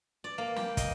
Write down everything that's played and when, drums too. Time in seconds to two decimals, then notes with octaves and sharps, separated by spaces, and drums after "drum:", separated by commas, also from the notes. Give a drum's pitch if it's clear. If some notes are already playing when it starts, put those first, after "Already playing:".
0.24 D5
0.38 A#3
0.56 G5, drum: snare
0.77 D#5, drum: kick, hi-hat